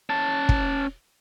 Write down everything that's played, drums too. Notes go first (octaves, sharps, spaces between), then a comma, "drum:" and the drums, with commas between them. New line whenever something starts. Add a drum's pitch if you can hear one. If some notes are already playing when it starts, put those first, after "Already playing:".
C#4 A5
drum: kick